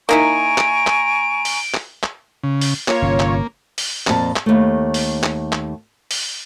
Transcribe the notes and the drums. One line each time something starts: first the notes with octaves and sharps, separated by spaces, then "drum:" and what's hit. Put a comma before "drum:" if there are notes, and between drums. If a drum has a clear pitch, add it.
A#3 D#4 E4 G#5 A#5 C#6 D7
drum: clap
drum: clap
drum: open hi-hat
drum: clap
drum: clap
C#3
drum: open hi-hat
A#3 F4 C#5, drum: clap
G1 C3 C#4
drum: clap
drum: open hi-hat
F2 A#2 A5, drum: clap
drum: clap
D#2 A3
drum: open hi-hat
drum: clap
drum: clap
drum: open hi-hat